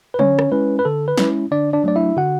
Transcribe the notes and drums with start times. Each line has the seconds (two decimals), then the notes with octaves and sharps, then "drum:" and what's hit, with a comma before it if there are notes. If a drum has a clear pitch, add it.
0.14 B4
0.19 D3 C#4 C#5, drum: tom
0.39 drum: rim click
0.51 G#3 C#4 E4 B4
0.79 B4
0.85 D3 A4
1.08 B4
1.18 G#3 C#4 E4, drum: snare
1.51 D3 D4 D5
1.73 D4 D5
1.84 F#3 A3 D4 D5
1.96 E4 E5
2.17 D3 F#4 F#5